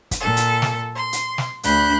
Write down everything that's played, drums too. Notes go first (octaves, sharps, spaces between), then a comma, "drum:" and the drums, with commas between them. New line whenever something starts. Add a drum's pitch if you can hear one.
drum: kick, hi-hat
A#2 A4
drum: hi-hat
drum: snare
C6
drum: hi-hat
drum: snare
D2 D4 B5 F#6 G6, drum: hi-hat